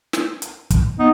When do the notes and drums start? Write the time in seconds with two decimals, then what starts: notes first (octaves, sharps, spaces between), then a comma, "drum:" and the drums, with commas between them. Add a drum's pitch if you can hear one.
0.13 drum: snare
0.42 drum: hi-hat
0.70 drum: kick, hi-hat
0.99 B3 D#4